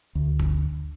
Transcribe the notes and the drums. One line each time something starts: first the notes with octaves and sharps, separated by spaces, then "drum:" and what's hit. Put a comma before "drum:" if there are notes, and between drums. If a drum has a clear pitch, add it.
D2
drum: kick